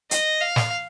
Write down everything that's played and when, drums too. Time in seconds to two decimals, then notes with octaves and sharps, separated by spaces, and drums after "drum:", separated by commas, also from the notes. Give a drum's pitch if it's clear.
0.11 D#5, drum: hi-hat
0.41 F5
0.56 drum: snare